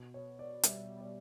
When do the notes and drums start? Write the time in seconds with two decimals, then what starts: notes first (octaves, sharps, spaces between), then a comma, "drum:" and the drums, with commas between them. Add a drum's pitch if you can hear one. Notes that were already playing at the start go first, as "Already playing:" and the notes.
Already playing: B2
0.14 B2 C#5
0.38 B2 D5
0.63 G3 E5, drum: hi-hat
0.88 B2
1.01 D5